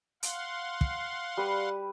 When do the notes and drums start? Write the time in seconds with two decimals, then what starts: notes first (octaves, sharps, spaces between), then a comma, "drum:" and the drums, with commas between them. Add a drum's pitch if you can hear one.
0.23 F5 F#5 C6, drum: hi-hat
0.81 drum: kick
1.37 G3 B4